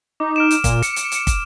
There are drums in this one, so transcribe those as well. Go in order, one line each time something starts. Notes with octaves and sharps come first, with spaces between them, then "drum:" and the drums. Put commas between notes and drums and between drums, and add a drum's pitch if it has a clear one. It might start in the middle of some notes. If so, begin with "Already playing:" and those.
D#4 D6
F6 D7 E7
drum: hi-hat
A#2, drum: kick, hi-hat
C#7, drum: hi-hat
drum: hi-hat
drum: hi-hat
drum: kick, hi-hat